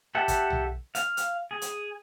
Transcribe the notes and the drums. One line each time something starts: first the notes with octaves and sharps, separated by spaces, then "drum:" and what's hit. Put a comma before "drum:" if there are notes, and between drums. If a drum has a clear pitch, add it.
G4 A4 E5 F#5
drum: kick, hi-hat
drum: tom
F5, drum: hi-hat
drum: hi-hat
G#4
drum: hi-hat